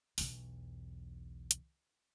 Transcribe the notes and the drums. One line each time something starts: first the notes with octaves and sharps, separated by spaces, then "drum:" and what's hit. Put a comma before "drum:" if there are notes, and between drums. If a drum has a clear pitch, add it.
B1 E2, drum: open hi-hat
drum: hi-hat